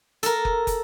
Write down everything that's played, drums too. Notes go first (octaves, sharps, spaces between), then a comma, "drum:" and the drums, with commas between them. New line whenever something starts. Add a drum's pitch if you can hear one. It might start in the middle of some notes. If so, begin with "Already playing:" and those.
A4 A#4, drum: hi-hat
drum: kick
drum: kick, hi-hat